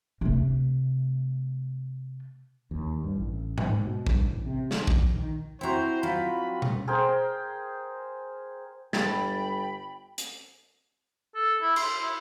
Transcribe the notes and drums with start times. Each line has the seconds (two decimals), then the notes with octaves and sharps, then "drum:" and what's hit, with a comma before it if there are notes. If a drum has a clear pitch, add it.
0.21 C3 A3
2.71 D#2
3.04 G2
3.16 A1
3.58 G#2, drum: tom G#2
3.72 G#2
3.84 B2
4.07 G2, drum: kick A#1
4.25 A1
4.46 C3
4.71 D#3, drum: snare
4.87 A#1, drum: kick A#1
5.16 D#3
5.61 C4 E4 F#4 C5 A#5
6.03 F#3 F4 B5
6.62 drum: tom B2
6.87 G#4 A#4 C5 G5
8.93 G1 G5 B5 A6, drum: snare
10.18 drum: hi-hat
11.35 A4
11.61 E4
11.76 C6, drum: cymbal
12.01 E4